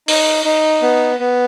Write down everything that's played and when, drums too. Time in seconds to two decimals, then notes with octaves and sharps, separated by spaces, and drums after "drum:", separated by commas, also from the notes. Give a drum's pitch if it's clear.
0.08 D#4, drum: open hi-hat
0.45 D#4
0.82 B3
1.19 B3